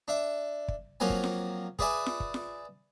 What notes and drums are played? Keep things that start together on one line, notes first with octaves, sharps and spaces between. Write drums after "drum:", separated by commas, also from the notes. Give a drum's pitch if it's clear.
D4 E5
drum: kick
F3 F#3 A#3 C4 G#5
drum: kick
drum: snare F4
G#4 B4 D5 E5 G#5, drum: kick
drum: snare F4
drum: kick
drum: snare F4